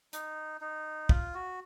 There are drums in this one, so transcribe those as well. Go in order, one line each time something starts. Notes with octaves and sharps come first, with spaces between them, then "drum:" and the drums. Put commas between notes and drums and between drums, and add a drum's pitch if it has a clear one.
D#4, drum: hi-hat
D#4
F4, drum: kick
F#4